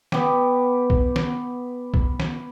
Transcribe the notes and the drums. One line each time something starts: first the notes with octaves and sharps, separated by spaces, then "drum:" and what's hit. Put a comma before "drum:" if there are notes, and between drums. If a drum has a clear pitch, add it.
B3 G4, drum: snare
drum: kick B1
drum: snare
drum: kick B1
drum: snare